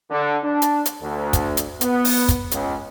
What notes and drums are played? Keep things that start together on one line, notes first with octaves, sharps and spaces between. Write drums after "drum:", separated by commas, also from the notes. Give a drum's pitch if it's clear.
D3
D4
drum: hi-hat
drum: hi-hat
D2
drum: kick, hi-hat
drum: hi-hat
B3, drum: hi-hat
drum: open hi-hat
drum: kick, hi-hat
C#2, drum: hi-hat